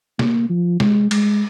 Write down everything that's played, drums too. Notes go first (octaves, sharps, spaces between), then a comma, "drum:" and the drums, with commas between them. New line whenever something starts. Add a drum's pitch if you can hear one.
A#3, drum: snare
F3
G#3, drum: snare
G#3, drum: cymbal